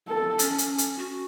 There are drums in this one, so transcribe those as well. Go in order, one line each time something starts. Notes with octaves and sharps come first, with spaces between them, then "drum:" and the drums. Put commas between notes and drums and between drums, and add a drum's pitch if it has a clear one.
A4
C#4, drum: hi-hat
drum: hi-hat
drum: hi-hat
F#4